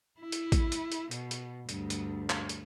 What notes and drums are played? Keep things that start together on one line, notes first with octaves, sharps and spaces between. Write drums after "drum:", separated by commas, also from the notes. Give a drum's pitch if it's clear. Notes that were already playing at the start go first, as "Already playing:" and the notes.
E4
drum: hi-hat
drum: kick, hi-hat
drum: hi-hat
drum: hi-hat
B2, drum: hi-hat
drum: hi-hat
D2 G2, drum: hi-hat
drum: hi-hat
drum: clap
drum: hi-hat